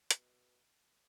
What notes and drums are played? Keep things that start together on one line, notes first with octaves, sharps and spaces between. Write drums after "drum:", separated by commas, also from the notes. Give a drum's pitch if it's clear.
B2, drum: hi-hat